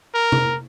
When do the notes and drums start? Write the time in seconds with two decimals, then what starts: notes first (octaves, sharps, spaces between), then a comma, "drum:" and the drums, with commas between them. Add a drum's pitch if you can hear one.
0.14 A#4
0.32 drum: tom C3